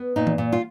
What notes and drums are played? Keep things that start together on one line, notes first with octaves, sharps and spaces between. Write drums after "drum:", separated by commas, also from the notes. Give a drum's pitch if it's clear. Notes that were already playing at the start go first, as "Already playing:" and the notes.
Already playing: B3
A#2 D#4
drum: tom E3
A#2
F4